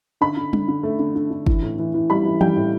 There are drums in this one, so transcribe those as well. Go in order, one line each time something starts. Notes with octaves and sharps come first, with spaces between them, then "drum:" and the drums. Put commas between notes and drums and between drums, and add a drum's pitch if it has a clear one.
D3 B5
D3
D3, drum: tom G3
D3
A3
D3
D3
D3
E3, drum: kick
A2
E3
E3
G3 B5
E3
G3 G5, drum: tom E3
A2